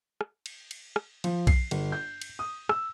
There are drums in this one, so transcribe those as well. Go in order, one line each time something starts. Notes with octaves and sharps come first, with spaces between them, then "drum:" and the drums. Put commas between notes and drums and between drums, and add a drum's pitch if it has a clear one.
drum: rim click
drum: cymbal
drum: cymbal
drum: rim click
F3, drum: cymbal
C7, drum: kick B1, cymbal
G1, drum: cymbal
G6
drum: cymbal
D#6
E6, drum: rim click